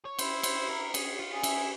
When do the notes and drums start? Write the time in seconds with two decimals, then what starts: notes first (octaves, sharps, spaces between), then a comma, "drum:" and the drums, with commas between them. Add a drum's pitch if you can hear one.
0.05 C#5
0.19 E4 C5, drum: cymbal
0.43 C5, drum: cymbal
0.69 A#4
0.94 G#4, drum: cymbal
1.19 F4
1.32 G#4
1.43 E4, drum: cymbal